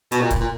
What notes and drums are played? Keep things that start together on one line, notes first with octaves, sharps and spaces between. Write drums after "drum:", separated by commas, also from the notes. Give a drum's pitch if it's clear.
B2, drum: hi-hat
A#2
drum: kick, hi-hat
A#2